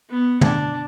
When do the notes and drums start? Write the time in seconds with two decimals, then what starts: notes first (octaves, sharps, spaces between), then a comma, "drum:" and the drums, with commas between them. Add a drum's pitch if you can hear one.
0.10 B3
0.41 D4, drum: tom